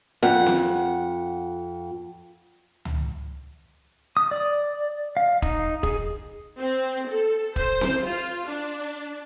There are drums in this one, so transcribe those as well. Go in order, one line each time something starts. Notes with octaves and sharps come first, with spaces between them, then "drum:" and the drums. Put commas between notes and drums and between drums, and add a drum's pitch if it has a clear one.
F2 F#5
drum: snare C4
drum: tom C#2
D#6
D5
F5
D#4, drum: kick E1
G#4, drum: kick E1
C4
A4
C5, drum: kick E1
drum: snare C4
F4
D4